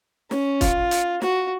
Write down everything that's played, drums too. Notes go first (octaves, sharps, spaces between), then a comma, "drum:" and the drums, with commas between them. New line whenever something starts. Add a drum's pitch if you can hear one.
C#4, drum: snare
F4, drum: kick, hi-hat
drum: hi-hat
F#4, drum: snare